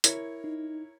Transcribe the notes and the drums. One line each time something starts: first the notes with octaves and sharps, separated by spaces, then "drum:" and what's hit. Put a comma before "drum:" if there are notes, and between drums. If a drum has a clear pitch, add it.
E4 A#4 C#5, drum: hi-hat
D#4